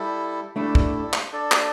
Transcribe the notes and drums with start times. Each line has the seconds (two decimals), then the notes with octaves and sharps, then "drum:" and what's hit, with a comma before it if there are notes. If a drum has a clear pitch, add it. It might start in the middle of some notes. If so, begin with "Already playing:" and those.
Already playing: G3 E4 A4
0.56 G3 A3 D4 E4 A4
0.75 drum: kick
1.13 drum: clap
1.32 D4 A4 D5
1.52 drum: clap